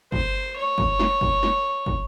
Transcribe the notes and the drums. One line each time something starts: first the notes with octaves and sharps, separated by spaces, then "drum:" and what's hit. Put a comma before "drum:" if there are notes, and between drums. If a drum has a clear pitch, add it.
C5, drum: kick
C#5
drum: kick
drum: snare
drum: kick
drum: snare
drum: kick